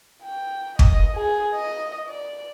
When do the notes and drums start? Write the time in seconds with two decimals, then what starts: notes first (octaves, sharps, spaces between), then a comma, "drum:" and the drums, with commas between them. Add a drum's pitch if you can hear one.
0.24 G5
0.79 D#5, drum: kick
1.15 G#4
1.54 D#5
2.08 D5